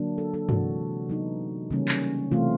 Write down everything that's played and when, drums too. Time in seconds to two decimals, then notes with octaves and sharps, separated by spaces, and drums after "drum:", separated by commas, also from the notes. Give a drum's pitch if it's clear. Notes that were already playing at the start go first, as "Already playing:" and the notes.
Already playing: D3 F#3 A#3 D4
0.18 A4
0.34 A4
0.49 C3 E3 G#3 F#4, drum: tom G2
1.09 F#3 B3 D#4
1.71 C#3 E3 G3 A#3 C#4
1.88 drum: clap
2.32 C3 E3 A3 C4 F4